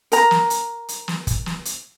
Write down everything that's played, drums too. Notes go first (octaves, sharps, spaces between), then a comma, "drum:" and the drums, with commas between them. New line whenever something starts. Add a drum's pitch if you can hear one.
A#4 A#5, drum: hi-hat
drum: snare
drum: hi-hat
drum: hi-hat
drum: snare
drum: kick, hi-hat
drum: snare
drum: hi-hat